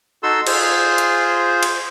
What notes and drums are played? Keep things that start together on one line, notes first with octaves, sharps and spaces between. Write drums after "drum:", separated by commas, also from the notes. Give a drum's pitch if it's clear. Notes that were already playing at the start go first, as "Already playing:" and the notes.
D#4 F#4 A4 C6 E6
F4 G#4 C5, drum: cymbal
drum: hi-hat
drum: cymbal